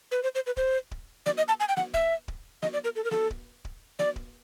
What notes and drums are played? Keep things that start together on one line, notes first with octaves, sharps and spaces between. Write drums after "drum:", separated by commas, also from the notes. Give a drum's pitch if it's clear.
B4
C5
C5
B4
C5, drum: kick D1
drum: kick D1
D5, drum: snare
D#5
A5
G#5
G5
F#5, drum: snare
E5, drum: kick D1
drum: kick D1
D#5, drum: snare
D5
A#4
A4
A#4
A4, drum: snare
drum: kick D1
drum: kick D1
D5, drum: snare
drum: kick D1